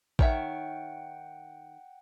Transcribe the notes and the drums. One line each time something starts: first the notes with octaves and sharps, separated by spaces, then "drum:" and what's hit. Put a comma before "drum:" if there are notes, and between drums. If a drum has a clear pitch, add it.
D#3 C#5 E5 F#5 G5, drum: kick A1